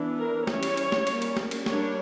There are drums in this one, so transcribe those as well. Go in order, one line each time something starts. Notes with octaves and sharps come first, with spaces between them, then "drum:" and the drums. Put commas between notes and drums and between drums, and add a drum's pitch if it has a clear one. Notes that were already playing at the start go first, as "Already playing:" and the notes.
Already playing: E3 B3 D4
A#4
E3 G3 C#4 C#5, drum: snare
drum: cymbal
drum: cymbal
drum: snare
G3 A#3 C#4, drum: cymbal
drum: cymbal
drum: snare
drum: cymbal
G3 A#3 D4 C#5, drum: snare